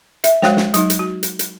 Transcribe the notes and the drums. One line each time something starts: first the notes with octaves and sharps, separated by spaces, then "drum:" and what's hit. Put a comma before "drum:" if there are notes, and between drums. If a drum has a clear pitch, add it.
E5, drum: hi-hat
G#3 F#4 C5 C#5 G5, drum: snare
drum: snare
F#3 D#4, drum: hi-hat
drum: hi-hat
F#4
drum: hi-hat
drum: hi-hat